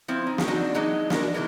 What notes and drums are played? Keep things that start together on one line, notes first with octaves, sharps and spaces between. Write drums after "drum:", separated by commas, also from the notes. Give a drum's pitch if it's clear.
F3 C4 E4
D#4
drum: snare
C4 D4 D#4 F#4
E3 F#3 G#3 D#4
D4 A#4, drum: snare
C3 D#3 E3 G#3